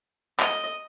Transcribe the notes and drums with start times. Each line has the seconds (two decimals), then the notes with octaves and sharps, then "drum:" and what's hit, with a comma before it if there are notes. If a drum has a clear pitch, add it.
0.40 D#5, drum: clap